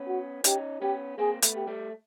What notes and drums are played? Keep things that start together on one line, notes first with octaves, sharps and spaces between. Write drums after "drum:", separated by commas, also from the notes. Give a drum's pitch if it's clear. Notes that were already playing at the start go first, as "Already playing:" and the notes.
Already playing: B3 C#4
F#4
C#4 D#4 G4, drum: hi-hat
B3 C#4 G4
A#3 C4 G#4
A3 B3, drum: hi-hat
G4
G3 A3